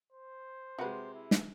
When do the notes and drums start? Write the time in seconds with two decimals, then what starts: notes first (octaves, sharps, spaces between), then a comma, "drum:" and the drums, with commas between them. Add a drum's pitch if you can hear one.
0.12 C5
0.79 C3 G#3 F#4 B4
1.14 E4
1.31 drum: snare